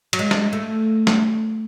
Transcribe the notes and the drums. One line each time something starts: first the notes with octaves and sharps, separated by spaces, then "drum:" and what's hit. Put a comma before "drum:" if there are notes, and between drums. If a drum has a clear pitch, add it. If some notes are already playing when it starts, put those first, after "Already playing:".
F#3, drum: cymbal
G#3
drum: snare
A3
drum: snare